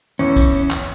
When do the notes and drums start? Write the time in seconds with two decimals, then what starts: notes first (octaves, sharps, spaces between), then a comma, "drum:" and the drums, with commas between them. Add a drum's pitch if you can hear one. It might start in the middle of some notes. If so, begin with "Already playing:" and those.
0.19 E2 C#4
0.36 drum: kick, tambourine
0.71 drum: clap